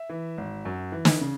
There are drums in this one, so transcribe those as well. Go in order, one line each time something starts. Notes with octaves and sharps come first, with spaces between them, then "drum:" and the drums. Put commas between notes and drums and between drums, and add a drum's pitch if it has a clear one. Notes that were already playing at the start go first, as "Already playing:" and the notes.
Already playing: E5
E3
G#1
F#2
E3
drum: snare
C#3